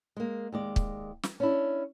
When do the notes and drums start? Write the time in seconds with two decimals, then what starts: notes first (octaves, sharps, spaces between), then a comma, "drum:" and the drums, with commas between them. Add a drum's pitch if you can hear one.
0.16 G#3 A#3
0.52 D#2 G#3 D5
0.76 drum: kick
1.23 drum: snare
1.40 C#4 D4 E4